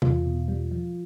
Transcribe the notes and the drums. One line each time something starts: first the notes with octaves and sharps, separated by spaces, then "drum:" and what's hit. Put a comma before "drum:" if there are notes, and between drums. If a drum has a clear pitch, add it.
E2 F4, drum: tom
B2
G3
F3